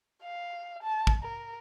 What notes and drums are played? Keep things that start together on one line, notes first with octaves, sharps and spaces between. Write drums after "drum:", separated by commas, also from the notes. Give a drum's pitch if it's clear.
F5
A5
drum: kick
A#4